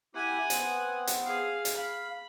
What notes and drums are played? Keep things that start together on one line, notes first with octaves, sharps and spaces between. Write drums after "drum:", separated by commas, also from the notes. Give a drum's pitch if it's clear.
E4 G4 F#5 G#5
B3 C4, drum: hi-hat
drum: hi-hat
G#4 F5
drum: hi-hat
F5 B5